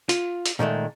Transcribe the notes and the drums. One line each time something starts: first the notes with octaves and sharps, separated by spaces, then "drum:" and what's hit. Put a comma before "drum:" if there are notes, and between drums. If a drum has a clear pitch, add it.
F4, drum: hi-hat
drum: hi-hat
A#2 D#3 G#3 A3